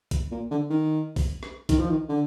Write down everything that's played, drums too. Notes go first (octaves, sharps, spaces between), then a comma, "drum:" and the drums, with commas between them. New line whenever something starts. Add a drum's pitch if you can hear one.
drum: kick B1, hi-hat
A#2
D3
D#3
drum: kick B1, open hi-hat
drum: rim click
D#3, drum: kick B1, hi-hat
F3
D#3
D3